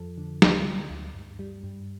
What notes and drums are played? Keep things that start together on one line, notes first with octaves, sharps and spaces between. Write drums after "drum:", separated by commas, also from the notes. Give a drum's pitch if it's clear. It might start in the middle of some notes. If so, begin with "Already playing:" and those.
Already playing: F2 F3 A4
D3
D2, drum: snare
D3
D2
G2
G3
G2